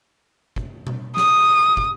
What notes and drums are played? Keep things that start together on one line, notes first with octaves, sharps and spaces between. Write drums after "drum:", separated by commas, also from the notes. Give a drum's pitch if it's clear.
drum: kick
drum: tom B2
D#6, drum: snare
drum: kick